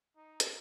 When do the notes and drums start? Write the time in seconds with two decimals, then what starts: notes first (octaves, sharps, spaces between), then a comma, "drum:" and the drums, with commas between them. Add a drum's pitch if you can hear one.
0.16 D#4
0.40 drum: hi-hat